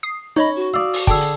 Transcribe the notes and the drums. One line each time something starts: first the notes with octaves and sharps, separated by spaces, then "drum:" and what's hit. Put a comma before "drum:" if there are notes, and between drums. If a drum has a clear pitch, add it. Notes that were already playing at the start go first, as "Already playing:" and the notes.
D#6 C7
C#4 D#4 C#5 D#5 B5
F#4
D5 F5 D#6 E6
drum: open hi-hat
D3 G#4 G5 A5 E6, drum: kick
drum: hi-hat